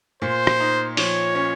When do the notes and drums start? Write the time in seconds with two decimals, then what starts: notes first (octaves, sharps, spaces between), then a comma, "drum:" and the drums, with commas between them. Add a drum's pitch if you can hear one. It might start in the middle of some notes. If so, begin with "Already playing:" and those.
0.22 A#2 C5
0.47 drum: rim click
0.60 D#4
0.97 F3 C#5, drum: open hi-hat
1.35 C#4